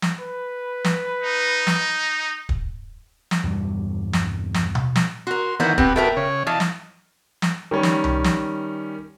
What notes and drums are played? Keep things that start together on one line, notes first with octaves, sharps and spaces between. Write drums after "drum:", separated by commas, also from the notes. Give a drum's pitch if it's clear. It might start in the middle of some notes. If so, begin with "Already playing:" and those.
drum: snare
B4
drum: snare
D#4
drum: snare
drum: kick
drum: snare
E2 G2 B2 G3
drum: snare
drum: snare
drum: tom B2
drum: snare
F#4 A#4 C6
D#3 E3 B3 A#4 C5 F#5
C4 G4 B4 F#5, drum: kick
B3 F#4 A4 A#4 E5 G5
C#3 C#5
E3 D#5 F5 A5
drum: snare
drum: snare
D#3 G3 C#4
drum: snare
drum: tom C2
drum: snare